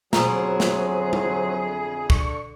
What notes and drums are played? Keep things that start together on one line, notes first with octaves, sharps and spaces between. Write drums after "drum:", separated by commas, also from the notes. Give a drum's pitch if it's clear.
F2 B2 D3 F#3 E4 G#4 C5 A#5, drum: snare
drum: snare
drum: tom F#3
D3 C#6, drum: kick